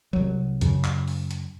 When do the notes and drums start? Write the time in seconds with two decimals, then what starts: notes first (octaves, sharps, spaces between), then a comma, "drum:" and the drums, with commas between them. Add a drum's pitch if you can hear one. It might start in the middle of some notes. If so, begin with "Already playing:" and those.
0.13 C2 F#3
0.61 F#2 C#3, drum: kick C#2, hi-hat
0.84 drum: clap
1.08 drum: open hi-hat
1.31 drum: hi-hat